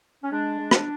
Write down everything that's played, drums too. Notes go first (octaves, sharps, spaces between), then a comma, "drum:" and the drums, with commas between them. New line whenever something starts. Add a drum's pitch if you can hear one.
C#4
G#3 D4
G#3
D4, drum: rim click